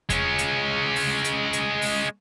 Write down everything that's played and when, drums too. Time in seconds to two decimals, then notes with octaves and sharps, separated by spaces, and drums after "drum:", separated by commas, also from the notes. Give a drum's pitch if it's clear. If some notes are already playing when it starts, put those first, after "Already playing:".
0.10 G#3 C#4, drum: kick E2, hi-hat
0.38 drum: hi-hat
0.96 drum: open hi-hat
1.24 drum: hi-hat
1.53 drum: hi-hat
1.82 drum: open hi-hat